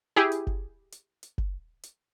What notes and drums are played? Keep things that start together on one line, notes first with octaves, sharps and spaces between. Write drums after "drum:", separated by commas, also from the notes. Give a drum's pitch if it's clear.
E4 G4 G#4
drum: hi-hat
drum: kick F#1
drum: hi-hat
drum: hi-hat
drum: kick F#1
drum: hi-hat